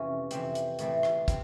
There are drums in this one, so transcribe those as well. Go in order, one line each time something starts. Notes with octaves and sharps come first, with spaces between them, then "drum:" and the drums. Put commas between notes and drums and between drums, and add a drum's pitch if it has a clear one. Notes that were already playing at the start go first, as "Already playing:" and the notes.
Already playing: F2 C3 E3 C#4
F2 C3 E3 C4, drum: hi-hat
drum: hi-hat
A2 E3 A3 C4, drum: hi-hat
drum: rim click
C4, drum: kick, hi-hat